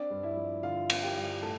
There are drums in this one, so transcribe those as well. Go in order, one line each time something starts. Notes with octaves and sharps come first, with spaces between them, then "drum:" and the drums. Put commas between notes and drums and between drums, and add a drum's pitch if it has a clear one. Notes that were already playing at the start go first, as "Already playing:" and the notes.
Already playing: C4 D4 D5
G2
E4 E5
F3
D3 F4 F5
C4, drum: cymbal
G4 G5
G2
A2 A4 A5